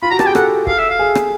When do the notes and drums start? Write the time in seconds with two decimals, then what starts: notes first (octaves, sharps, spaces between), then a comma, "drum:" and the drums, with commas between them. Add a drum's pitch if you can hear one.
0.02 F4 B5
0.10 F#4 A#5
0.19 G4 A5, drum: rim click
0.27 G#4 G5
0.35 A4 F#5, drum: rim click
0.67 A4 F5, drum: kick
0.78 E5
0.90 F5
0.99 G#4
1.15 drum: rim click